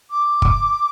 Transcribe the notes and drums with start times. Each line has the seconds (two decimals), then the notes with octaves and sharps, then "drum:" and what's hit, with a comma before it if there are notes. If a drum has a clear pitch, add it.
0.11 D6
0.42 drum: kick